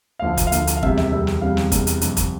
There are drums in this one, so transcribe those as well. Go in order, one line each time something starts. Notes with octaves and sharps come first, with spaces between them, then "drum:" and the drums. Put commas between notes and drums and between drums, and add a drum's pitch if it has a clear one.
D2 D3 F3 F5
drum: kick, hi-hat
F5
D2 D3 F3, drum: hi-hat
drum: hi-hat
F5
E2 C3 G3 E5, drum: kick
E5, drum: snare
E2 C3 G3 E5
drum: snare
E2 C3 G3 F5
drum: snare
E2 C3 G3, drum: kick, hi-hat
drum: hi-hat
F2 C3 G3, drum: hi-hat
drum: kick, hi-hat